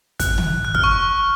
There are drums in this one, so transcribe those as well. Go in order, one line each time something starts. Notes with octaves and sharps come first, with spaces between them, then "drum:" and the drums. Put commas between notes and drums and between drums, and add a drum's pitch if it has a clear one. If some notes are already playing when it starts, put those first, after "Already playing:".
F#6, drum: kick, hi-hat
drum: tom
F#6
F6, drum: kick
C#6